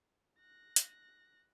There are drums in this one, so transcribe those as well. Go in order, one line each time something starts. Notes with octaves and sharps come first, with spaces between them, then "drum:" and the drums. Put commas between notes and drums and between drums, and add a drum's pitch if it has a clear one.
F#6 A#6
drum: hi-hat